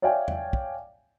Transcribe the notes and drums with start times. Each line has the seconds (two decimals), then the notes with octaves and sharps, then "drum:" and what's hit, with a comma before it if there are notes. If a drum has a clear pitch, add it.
0.02 C#5 D5 E5 F5 G5 G#5
0.28 drum: tom E2
0.53 drum: kick